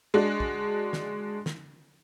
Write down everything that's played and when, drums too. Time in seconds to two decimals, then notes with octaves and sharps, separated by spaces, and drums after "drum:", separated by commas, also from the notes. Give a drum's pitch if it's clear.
0.14 G#3 D4 F#4
0.40 drum: kick
0.93 drum: snare
1.46 drum: snare